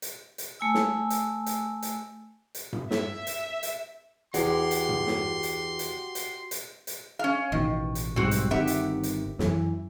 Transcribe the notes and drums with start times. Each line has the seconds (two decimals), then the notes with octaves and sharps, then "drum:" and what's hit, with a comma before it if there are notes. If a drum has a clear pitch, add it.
0.02 drum: hi-hat
0.38 drum: hi-hat
0.60 A3 G#5 E6
0.74 drum: snare
1.10 drum: hi-hat
1.46 drum: hi-hat
1.82 drum: hi-hat
2.55 drum: hi-hat
2.73 drum: tom G2
2.91 E5, drum: snare
3.27 drum: hi-hat
3.63 drum: hi-hat
4.34 E2 F#4 G4 C6, drum: hi-hat
4.71 drum: hi-hat
4.89 drum: tom G2
5.07 drum: snare
5.43 drum: hi-hat
5.79 drum: hi-hat
6.15 drum: hi-hat
6.51 drum: hi-hat
6.87 drum: hi-hat
7.19 C#4 F5
7.52 A1 B2 D#3
7.95 drum: hi-hat
8.16 B1 G#2 G3 C4 F#4
8.31 drum: hi-hat
8.51 G1 D#3 C4 G4 E5 F#5
8.67 drum: hi-hat
9.03 drum: hi-hat
9.39 F#2 E3, drum: snare